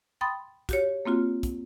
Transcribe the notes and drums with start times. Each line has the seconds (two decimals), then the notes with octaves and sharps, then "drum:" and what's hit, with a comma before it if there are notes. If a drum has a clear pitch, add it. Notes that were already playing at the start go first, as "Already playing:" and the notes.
0.21 G5 B5 C6 D#6 A6
0.69 F#4 G4 C#5, drum: kick, hi-hat
1.05 A#3 C4 F4 F#4
1.43 drum: kick, hi-hat